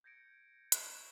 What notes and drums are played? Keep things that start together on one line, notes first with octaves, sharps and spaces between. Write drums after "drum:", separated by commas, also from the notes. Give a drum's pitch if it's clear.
G6 G#6 A#6 C#7 D7
C#6 B6 E7 F#7, drum: hi-hat